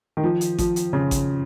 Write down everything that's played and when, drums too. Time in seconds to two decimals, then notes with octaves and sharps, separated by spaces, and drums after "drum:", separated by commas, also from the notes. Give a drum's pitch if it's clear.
0.17 D#3
0.24 F3
0.41 drum: hi-hat
0.59 F3, drum: kick G#1, hi-hat
0.76 drum: hi-hat
0.93 C#3
1.11 drum: kick G#1, hi-hat